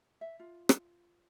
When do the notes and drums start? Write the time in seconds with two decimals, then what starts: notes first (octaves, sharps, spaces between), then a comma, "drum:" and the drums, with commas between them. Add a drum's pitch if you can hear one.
0.21 E5
0.40 F4
0.69 drum: rim click